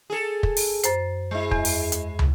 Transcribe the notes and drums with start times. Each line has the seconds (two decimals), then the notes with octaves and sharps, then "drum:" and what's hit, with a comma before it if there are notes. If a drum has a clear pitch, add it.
0.10 G#4 A4
0.43 drum: kick
0.57 drum: open hi-hat
0.84 F#2 C5, drum: hi-hat
1.31 G#3 E4
1.51 E2, drum: kick
1.65 drum: open hi-hat
1.92 drum: hi-hat
2.19 drum: tom